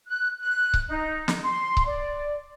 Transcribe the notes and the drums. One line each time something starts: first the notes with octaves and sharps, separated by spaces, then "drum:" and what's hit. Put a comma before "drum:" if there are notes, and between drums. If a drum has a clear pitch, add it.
F#6
F#6
drum: kick C#1
D#4
drum: snare
C6
drum: kick C#1
D5